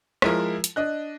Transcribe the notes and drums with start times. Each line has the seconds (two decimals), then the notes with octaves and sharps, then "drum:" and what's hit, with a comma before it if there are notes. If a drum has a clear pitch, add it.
0.22 F3 G#3 E4 A#4, drum: rim click
0.64 drum: hi-hat
0.76 D4 D#5 F#6